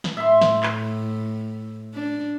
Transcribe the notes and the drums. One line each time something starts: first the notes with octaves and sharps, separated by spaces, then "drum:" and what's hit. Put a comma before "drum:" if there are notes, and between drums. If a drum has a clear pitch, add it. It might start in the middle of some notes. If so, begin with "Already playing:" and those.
drum: snare
A2 E5 C6
drum: snare
drum: clap
D4